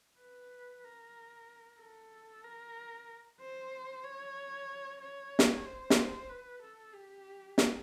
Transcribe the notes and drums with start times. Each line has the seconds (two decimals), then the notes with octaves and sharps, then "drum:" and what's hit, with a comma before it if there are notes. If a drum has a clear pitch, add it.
0.19 B4
0.84 A#4
1.80 A4
2.44 A#4
3.40 C5
4.04 C#5
5.01 C#5
5.39 drum: snare
5.65 C5
5.90 drum: snare
6.29 B4
6.62 A4
6.94 G4
7.58 drum: snare